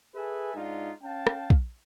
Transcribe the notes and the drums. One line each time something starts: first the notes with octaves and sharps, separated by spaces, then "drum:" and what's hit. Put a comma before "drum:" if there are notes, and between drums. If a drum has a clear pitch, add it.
G#4 A4 B4 E5 G#5
G#2 D4 D#4 F4
C#4 F5 G5 A5
drum: rim click
drum: kick